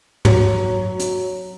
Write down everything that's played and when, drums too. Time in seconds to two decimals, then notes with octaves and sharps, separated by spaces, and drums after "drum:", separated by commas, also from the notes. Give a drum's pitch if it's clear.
0.25 F#3, drum: tom
0.99 drum: hi-hat